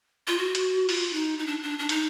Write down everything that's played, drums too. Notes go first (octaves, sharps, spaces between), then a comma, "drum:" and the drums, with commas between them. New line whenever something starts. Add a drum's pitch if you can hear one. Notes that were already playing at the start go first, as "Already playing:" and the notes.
F4
F#4
drum: hi-hat
F4, drum: open hi-hat
D#4
D#4
D4
D4
D4
D#4, drum: hi-hat